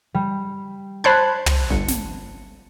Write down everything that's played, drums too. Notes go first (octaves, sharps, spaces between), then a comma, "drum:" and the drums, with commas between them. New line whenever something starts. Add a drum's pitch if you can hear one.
G3
C5 A5 B5 F#6 G#6
drum: tom
G1 C#7
drum: snare